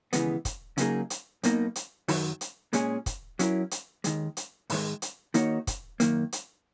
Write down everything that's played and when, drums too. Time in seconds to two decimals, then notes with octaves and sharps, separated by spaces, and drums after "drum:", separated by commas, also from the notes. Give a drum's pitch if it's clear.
0.13 D#2 C#3 E3 G#3 B3, drum: hi-hat
0.45 drum: kick, hi-hat
0.78 C#3 F#3 A#3 D#4 G#4, drum: hi-hat
1.10 drum: hi-hat
1.43 B1 B2 A#3 D#4, drum: hi-hat
1.76 drum: hi-hat
2.08 F#2 D#3 F#3, drum: open hi-hat
2.41 drum: hi-hat
2.73 A#2 G#3 C#4 G#4, drum: hi-hat
3.06 drum: kick, hi-hat
3.39 F#3 C#4 E4 A#4, drum: hi-hat
3.71 drum: hi-hat
4.04 D#2 D#3 G#3, drum: hi-hat
4.37 drum: hi-hat
4.70 G#2 D#3 G#3, drum: open hi-hat
5.02 drum: hi-hat
5.34 D#3 A#3 D#4 F#4 C#5, drum: hi-hat
5.67 drum: kick, hi-hat
6.00 F#2 D#3 A#3, drum: hi-hat
6.32 drum: hi-hat